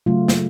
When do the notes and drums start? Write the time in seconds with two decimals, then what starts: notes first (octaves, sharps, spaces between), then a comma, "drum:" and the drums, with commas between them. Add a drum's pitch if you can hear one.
0.06 C#3 F#3 A3 F4
0.28 drum: snare